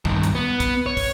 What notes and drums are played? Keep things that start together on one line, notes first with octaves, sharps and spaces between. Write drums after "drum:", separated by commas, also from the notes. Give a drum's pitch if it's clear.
G2 D#3, drum: kick
drum: hi-hat
B3
drum: kick, hi-hat
C#5
drum: kick, open hi-hat